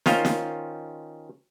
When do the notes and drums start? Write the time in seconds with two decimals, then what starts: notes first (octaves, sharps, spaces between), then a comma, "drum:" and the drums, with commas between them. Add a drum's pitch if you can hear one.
0.06 D#3 C#4 F4 C5 F5, drum: snare
0.25 drum: snare